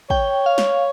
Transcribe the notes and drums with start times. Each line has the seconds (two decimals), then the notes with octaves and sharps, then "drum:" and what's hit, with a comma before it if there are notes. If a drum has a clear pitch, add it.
0.10 C#5 G5, drum: kick
0.46 F5
0.58 drum: snare